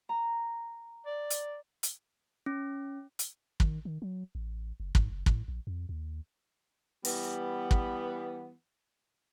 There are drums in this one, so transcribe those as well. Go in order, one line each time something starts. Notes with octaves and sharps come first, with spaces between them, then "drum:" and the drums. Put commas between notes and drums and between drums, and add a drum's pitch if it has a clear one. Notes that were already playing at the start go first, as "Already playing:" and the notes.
A#5
D5
drum: hi-hat
drum: hi-hat
C#4
drum: hi-hat
D#3, drum: kick
D#3
F#3
A1
F#1
G#2, drum: kick
F#1
A2, drum: kick
A#1
F2
D#2
E3 G3 B3, drum: open hi-hat
drum: kick